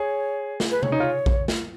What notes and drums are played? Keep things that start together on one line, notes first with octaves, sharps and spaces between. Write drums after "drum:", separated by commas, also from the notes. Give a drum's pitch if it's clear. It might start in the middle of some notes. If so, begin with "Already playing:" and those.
Already playing: G#4 C#5
drum: snare
B4
C#5, drum: tom C3
D#4
F4
drum: kick A#1
drum: snare